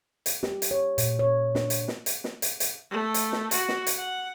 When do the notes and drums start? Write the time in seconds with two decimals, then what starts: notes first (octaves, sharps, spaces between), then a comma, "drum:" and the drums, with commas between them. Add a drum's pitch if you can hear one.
0.26 drum: hi-hat
0.43 G4, drum: snare
0.62 drum: hi-hat
0.71 C#5
0.98 A#2, drum: hi-hat
1.19 C#5
1.55 D4, drum: snare
1.70 drum: hi-hat
1.88 drum: snare
2.06 drum: hi-hat
2.24 drum: snare
2.42 drum: hi-hat
2.60 drum: hi-hat
2.91 A3
3.14 drum: hi-hat
3.32 drum: snare
3.51 F#4, drum: hi-hat
3.68 drum: snare
3.87 drum: hi-hat
3.98 F#5